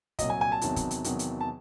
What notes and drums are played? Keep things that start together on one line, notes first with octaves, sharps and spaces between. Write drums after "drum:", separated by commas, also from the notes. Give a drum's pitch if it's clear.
C2 A#2 F#3 D#5, drum: kick, hi-hat
G#5
G#5
A5
E2 C3 D#3 F#3, drum: hi-hat
drum: kick, hi-hat
drum: hi-hat
E2 C3 D#3 F#3, drum: hi-hat
drum: hi-hat
A5